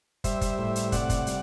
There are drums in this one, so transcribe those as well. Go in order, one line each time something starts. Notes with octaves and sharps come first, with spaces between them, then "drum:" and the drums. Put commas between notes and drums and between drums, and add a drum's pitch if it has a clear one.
G3 C5 E5, drum: kick, hi-hat
drum: kick, hi-hat
A2
drum: hi-hat
C3 D5 F#5, drum: kick, hi-hat
drum: kick, hi-hat
G3, drum: hi-hat